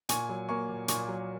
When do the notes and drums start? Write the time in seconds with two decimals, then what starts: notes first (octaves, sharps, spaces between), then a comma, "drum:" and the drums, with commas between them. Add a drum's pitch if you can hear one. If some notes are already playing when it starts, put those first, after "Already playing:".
0.09 A#2 G#5 C#6, drum: hi-hat
0.29 F#3
0.48 A#3 G#5 C#6
0.69 A#2
0.88 A#2 G#5 C#6, drum: hi-hat
1.08 F#3